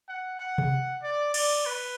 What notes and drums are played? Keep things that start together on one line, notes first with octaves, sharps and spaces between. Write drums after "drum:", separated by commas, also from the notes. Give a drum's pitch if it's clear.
F#5
F#5
drum: tom C3
D5
D5, drum: cymbal
B4